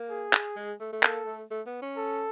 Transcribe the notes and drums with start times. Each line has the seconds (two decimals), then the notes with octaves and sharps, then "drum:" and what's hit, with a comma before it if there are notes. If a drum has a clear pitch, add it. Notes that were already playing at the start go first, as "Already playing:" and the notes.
Already playing: A#3
0.10 G#4
0.33 drum: clap
0.56 G#3
0.81 A3
0.93 A3
1.03 A#3 A4, drum: clap
1.26 A3
1.51 A3
1.66 B3
1.82 C#4
1.97 A4